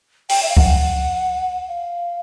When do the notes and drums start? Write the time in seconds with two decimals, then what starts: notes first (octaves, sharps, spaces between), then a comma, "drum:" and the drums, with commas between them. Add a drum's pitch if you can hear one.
0.29 G5, drum: open hi-hat
0.43 E5
0.49 F5
0.57 F#5, drum: kick C#2
1.69 F5